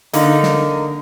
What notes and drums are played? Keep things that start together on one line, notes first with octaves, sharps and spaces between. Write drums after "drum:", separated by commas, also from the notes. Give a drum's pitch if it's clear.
D3 A#3 D#4, drum: hi-hat
drum: snare